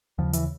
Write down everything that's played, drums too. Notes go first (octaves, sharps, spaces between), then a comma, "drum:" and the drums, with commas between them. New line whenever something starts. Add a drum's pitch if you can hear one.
D#2 C#3 F3
E3, drum: hi-hat